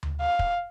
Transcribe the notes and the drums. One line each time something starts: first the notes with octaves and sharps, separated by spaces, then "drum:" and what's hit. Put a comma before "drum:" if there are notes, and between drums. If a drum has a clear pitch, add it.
drum: tom D2
F5
drum: kick